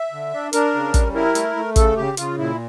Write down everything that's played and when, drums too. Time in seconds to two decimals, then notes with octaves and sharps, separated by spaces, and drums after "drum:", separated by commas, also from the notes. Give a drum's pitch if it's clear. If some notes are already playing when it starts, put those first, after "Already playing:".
Already playing: E5
0.13 D3
0.34 D4
0.53 D4 A#4, drum: hi-hat
0.74 C#3
0.94 G3, drum: kick, hi-hat
1.15 E4 A#4
1.35 A3, drum: hi-hat
1.56 A3
1.76 C#3 A4, drum: kick, hi-hat
1.97 C#3 G4
2.17 C#3 F4, drum: hi-hat
2.38 A#2 E4